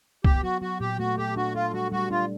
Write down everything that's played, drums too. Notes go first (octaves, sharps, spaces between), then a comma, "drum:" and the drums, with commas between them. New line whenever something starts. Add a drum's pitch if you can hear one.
B3 G4, drum: kick C2
F#3 F#4
F#3 F#4
A#2 G4
A3 F#4
G4 A4
D4 F#4
F4 A4
G3 F#4
G3 F#4
D4 F4